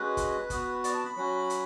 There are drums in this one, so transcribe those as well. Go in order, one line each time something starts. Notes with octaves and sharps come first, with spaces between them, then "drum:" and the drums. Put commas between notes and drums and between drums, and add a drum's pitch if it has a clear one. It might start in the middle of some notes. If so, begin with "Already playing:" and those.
Already playing: G#3 C#4 F#4 B4
drum: kick F#1, hi-hat
B3 F#4, drum: kick F#1, hi-hat
D5, drum: hi-hat
A5
B5
F#3 C#4 F#4
drum: hi-hat